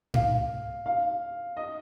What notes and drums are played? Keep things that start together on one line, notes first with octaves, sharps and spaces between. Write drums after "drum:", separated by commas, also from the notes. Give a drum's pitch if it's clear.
F5, drum: tom G#2
F5
D#5